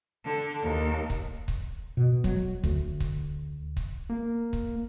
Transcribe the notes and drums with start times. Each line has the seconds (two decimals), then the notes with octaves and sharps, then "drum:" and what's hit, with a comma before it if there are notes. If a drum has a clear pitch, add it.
0.24 D3
0.63 D#2
1.10 drum: kick C#1
1.48 drum: kick C#1
1.97 B2
2.24 F#3, drum: kick C#1
2.64 D2, drum: kick C#1
3.00 drum: kick C#1
3.77 drum: kick C#1
4.10 A#3
4.53 drum: kick C#1